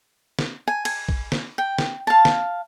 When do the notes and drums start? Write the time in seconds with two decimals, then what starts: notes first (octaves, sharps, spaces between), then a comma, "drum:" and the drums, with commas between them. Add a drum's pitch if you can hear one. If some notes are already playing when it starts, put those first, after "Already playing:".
0.39 drum: snare
0.68 G#5
0.85 G#5, drum: cymbal
1.09 drum: kick A#1
1.32 drum: snare
1.58 G5
1.78 drum: snare
2.07 F5 A5
2.25 drum: snare